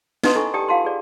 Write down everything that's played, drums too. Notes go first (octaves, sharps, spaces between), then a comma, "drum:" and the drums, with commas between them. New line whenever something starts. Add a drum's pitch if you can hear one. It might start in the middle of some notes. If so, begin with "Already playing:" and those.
D#4 B4 D#5 F#5 C6 D#6, drum: snare
E4 A4 G#5 C#6
G4 D5 G5 A5 D#6
F4 F5 F#5 A5 C6
G#4 D5